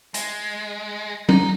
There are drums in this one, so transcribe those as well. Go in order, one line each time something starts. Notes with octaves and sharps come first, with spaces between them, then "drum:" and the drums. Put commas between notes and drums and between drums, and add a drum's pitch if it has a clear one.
G#3, drum: hi-hat
D#4, drum: tom